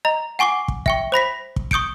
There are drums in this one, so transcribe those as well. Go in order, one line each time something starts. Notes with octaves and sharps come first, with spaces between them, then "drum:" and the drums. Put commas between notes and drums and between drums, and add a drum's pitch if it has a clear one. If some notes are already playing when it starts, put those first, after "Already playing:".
D#5 A#5
F#5 G#5 C#6 D6 C7
drum: kick
E5 G5 C#6, drum: kick
C5 B5 A#6 B6
drum: kick
C#6 D#6 G6 C#7 D7, drum: kick